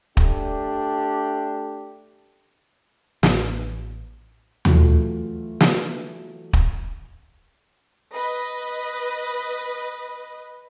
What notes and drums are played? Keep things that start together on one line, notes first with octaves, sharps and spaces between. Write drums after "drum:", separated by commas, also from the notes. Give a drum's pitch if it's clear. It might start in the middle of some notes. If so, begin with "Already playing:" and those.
A3 D4 G4, drum: kick
A1, drum: snare
E3 F#3 A3 F4 F#4, drum: tom D#2
drum: snare
drum: kick
B4 D#5